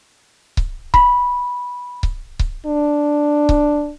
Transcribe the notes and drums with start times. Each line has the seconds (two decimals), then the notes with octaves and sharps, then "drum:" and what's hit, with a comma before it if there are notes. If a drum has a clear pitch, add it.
0.57 drum: kick C#1
0.94 B5, drum: kick C#1
2.03 drum: kick C#1
2.39 drum: kick C#1
2.66 D4
3.49 drum: kick C#1